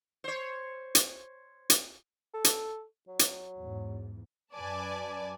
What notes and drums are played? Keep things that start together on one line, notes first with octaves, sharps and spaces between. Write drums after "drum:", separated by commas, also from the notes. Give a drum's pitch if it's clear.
C5 C#5
drum: hi-hat
drum: hi-hat
A4
drum: hi-hat
F#3
drum: hi-hat
E2 G#2
F#2 B4 D5 G#5 A5